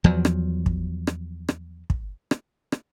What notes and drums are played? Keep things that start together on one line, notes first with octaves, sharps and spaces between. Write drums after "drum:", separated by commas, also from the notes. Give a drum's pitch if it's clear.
E2 F3 F#3
drum: rim click
drum: kick
drum: rim click
drum: rim click
drum: kick
drum: rim click
drum: rim click